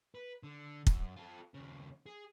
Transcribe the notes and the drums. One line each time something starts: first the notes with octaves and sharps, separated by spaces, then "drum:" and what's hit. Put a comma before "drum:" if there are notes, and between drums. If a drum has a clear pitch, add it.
B4
D3
F#2, drum: kick
F4 A4
D#2 C#3
G#4